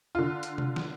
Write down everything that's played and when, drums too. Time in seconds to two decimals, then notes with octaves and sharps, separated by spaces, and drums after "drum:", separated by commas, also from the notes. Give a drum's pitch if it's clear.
0.15 D3 F4
0.43 drum: hi-hat
0.58 drum: tom C3
0.76 drum: snare